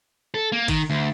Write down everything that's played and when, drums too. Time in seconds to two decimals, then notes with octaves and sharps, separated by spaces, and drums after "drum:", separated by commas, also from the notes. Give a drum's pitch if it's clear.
0.34 A4
0.52 A#3
0.68 D#3, drum: kick, cymbal
0.90 D2